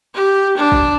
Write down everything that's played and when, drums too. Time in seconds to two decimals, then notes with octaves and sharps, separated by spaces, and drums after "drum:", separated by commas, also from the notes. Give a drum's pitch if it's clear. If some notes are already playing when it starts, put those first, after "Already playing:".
0.14 G4
0.57 D4
0.72 drum: kick